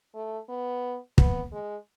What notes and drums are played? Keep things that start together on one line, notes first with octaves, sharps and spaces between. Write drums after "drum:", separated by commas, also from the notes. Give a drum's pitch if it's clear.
A3
B3
B3, drum: kick
G#3